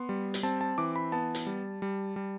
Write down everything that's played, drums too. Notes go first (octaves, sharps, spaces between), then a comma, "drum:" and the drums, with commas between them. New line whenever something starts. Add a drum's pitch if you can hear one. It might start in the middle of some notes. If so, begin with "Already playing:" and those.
Already playing: B3 C6
G3
drum: hi-hat
C4 A5
A5
E3 D6
B5
B3 A5
drum: hi-hat
G3
G3
G3